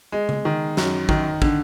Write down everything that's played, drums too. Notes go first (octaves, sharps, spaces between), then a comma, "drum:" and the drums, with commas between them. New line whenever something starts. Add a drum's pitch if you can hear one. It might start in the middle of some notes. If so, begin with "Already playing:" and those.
G#3
drum: tom C#3
D#3
F#2, drum: snare
D#3, drum: kick
D3, drum: kick